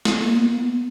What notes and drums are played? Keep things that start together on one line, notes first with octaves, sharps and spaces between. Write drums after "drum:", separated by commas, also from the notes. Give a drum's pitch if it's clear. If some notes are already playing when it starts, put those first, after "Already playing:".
drum: snare
A#3
B3